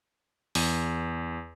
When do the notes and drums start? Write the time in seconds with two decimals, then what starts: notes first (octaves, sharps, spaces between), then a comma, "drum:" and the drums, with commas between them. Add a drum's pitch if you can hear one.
0.55 E2, drum: open hi-hat